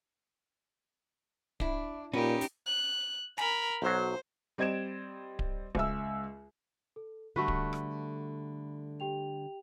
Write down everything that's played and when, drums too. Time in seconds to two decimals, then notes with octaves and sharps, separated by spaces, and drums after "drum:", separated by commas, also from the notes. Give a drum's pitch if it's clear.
1.60 D4 E4, drum: kick D1
2.14 A#2 C#4 D#4 G4 B4
2.41 drum: hi-hat
2.66 F#6
3.38 A#4 G#5 B5, drum: snare
3.82 B1 F#3 C5
4.58 G3 C4 D#5 G#6 D7 E7
5.39 drum: kick D1
5.75 C#2 E5 E6, drum: kick D1
6.96 A4
7.36 D3 G3 A3 F#4 B4 B5
7.48 drum: kick D1
7.73 drum: rim click
9.00 G4 G5 F7